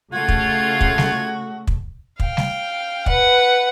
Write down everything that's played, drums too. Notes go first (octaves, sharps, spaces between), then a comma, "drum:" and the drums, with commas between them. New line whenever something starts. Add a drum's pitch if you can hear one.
C#3 A3 F4 F#4 G#6
drum: kick
drum: kick
drum: snare
drum: kick
F5 G5, drum: kick
drum: snare
B4 F#5, drum: kick